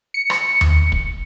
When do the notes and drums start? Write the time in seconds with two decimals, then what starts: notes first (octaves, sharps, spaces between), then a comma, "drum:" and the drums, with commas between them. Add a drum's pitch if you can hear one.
0.14 C#7
0.30 drum: rim click
0.61 drum: tom D#2
0.92 drum: kick